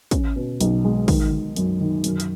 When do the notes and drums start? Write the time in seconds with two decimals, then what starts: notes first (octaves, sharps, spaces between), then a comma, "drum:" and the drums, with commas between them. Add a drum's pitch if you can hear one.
0.11 C#4, drum: kick, hi-hat
0.36 B2
0.61 B1, drum: hi-hat
0.85 G#3
1.08 D#3, drum: kick, open hi-hat
1.31 D#3
1.56 F#2, drum: hi-hat
1.80 D#3
2.04 F#2, drum: hi-hat
2.20 drum: hi-hat